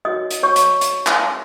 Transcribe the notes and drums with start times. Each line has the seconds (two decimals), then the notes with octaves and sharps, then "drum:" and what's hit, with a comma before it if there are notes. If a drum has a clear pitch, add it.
0.05 D#4 F#4 A#4 C#5 D#5 D#6
0.31 drum: hi-hat
0.43 C#5 C#6
0.56 drum: hi-hat
0.81 drum: hi-hat
1.07 drum: clap